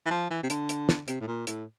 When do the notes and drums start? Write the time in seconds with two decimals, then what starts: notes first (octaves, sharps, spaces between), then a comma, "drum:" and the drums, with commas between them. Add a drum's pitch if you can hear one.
0.06 E3
0.11 F3
0.30 E3
0.43 C3
0.50 D3, drum: hi-hat
0.69 drum: hi-hat
0.89 drum: snare
1.08 C3, drum: hi-hat
1.21 A2
1.27 A#2
1.47 A2, drum: hi-hat